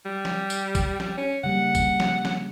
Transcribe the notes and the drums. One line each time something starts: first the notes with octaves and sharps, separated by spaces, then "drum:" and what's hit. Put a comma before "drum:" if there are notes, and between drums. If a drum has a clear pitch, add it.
G3
drum: snare
drum: tambourine
drum: kick, tambourine
G3, drum: snare
C#4
C#3 G3 A#3 F#5
drum: kick, tambourine
drum: snare
drum: snare